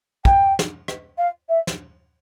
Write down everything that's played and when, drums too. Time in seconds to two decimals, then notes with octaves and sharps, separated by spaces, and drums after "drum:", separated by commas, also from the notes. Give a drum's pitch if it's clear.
0.25 G5, drum: kick
0.59 drum: snare
0.88 drum: rim click
1.18 F5
1.49 E5
1.67 drum: snare